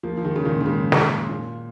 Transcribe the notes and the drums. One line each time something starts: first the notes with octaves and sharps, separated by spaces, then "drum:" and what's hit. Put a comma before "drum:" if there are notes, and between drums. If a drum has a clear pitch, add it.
F3 A#3
F3
D#3 G#3
C#3
A#2 D#3
D#3
G#2 C#3
drum: snare
A#2